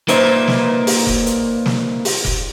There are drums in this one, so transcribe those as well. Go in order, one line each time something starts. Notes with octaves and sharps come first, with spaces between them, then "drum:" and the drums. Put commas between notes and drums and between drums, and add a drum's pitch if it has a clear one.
A#2 A#3 D#4 B4 C5 E5, drum: hi-hat
drum: snare
drum: open hi-hat
drum: kick F1
drum: hi-hat
drum: snare
drum: open hi-hat
drum: kick F1